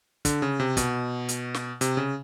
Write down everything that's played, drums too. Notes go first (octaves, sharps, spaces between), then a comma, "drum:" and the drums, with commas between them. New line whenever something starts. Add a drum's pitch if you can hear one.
D3, drum: kick, hi-hat
C#3
C3
B2, drum: kick, hi-hat
drum: hi-hat
drum: snare
C3, drum: hi-hat
C#3